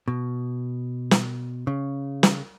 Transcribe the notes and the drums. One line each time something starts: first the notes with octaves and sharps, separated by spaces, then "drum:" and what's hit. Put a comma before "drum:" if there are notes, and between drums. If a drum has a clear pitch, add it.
B2
drum: snare
C#3
drum: snare